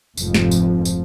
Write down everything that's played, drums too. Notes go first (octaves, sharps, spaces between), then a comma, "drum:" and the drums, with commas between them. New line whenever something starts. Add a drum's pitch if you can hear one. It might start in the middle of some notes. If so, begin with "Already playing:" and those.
F1 F2 G#2 F3, drum: tambourine
drum: snare
drum: tambourine
drum: tambourine